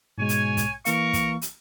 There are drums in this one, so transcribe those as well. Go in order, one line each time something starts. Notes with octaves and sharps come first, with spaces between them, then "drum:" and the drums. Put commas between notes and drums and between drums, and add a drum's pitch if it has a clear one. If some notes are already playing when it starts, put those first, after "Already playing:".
G#2 B2 G#3 C#5 G#5
drum: hi-hat
drum: kick, hi-hat
E3 A#3 A#4 F5 C#6, drum: hi-hat
drum: kick, hi-hat
drum: hi-hat